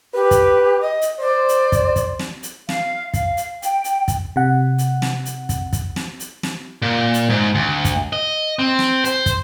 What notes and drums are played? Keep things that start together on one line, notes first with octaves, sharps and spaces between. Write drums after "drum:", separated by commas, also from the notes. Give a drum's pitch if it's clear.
G4 B4
drum: kick, hi-hat
D#5
drum: hi-hat
C5 D5
drum: hi-hat
drum: kick, hi-hat
drum: kick, hi-hat
drum: snare
drum: hi-hat
F5, drum: snare
F5, drum: kick, hi-hat
drum: hi-hat
G5, drum: hi-hat
drum: hi-hat
drum: kick, hi-hat
C3 F#5
drum: hi-hat
drum: snare
drum: hi-hat
drum: kick, hi-hat
drum: kick, hi-hat
drum: snare
drum: hi-hat
drum: snare
A#2
drum: hi-hat
G#2
D2
drum: kick, hi-hat
D#5
C4
drum: snare
C5, drum: hi-hat
drum: kick, hi-hat